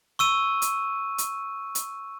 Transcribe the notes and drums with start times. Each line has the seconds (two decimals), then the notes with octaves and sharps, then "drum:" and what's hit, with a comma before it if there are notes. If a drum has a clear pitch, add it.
0.19 C#6 E6 D#7
0.62 drum: hi-hat
1.18 drum: hi-hat
1.75 drum: hi-hat